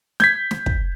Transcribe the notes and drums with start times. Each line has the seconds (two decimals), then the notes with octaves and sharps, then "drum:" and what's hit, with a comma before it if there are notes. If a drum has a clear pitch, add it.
0.20 G6 G#6 B6, drum: snare
0.51 drum: snare
0.66 drum: kick